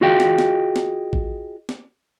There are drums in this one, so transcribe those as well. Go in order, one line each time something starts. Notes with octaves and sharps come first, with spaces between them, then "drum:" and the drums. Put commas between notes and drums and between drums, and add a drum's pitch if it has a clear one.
F4 F#4 G#4 D#5 F5 G5
drum: snare
drum: snare
drum: snare
drum: kick A1
drum: snare